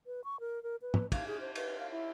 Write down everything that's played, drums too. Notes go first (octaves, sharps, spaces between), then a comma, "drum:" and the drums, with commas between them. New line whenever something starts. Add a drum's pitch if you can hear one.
B4
C#6
A#4
A#4
B4
drum: tom
F5, drum: kick, cymbal
G#4
C5
B4, drum: cymbal
F5
E4